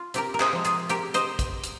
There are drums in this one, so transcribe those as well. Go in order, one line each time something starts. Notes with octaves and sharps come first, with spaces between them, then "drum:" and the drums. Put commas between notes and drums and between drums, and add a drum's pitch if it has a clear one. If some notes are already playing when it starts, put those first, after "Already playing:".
Already playing: F4
C3 G4 A#4, drum: hi-hat
A#4
G#4 C5, drum: clap
F3 G#3
F4 G#4, drum: hi-hat
C3 G4 A#4, drum: hi-hat
C5 D#5, drum: hi-hat
drum: kick, hi-hat
drum: hi-hat